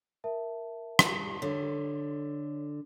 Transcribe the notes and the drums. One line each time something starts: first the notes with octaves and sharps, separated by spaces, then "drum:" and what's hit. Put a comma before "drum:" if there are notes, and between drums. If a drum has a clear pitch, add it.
A#4 E5 A5
drum: rim click
D3 A4 C#5